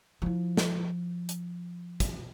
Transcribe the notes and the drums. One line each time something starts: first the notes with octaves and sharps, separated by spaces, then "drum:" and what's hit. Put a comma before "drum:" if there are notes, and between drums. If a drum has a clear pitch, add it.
F3 E4
drum: snare
drum: hi-hat
drum: kick, hi-hat